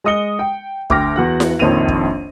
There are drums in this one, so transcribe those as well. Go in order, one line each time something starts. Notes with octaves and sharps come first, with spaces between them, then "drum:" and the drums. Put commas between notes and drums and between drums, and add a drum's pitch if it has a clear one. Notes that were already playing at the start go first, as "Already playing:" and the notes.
G#3 D#5 D#6 C#7 G7
G5
D2 G5 D6 F6 A#6, drum: kick
E2 F#4 F#5
drum: snare E4
A#1 F2 D#3 C#5 D#7 F7
drum: kick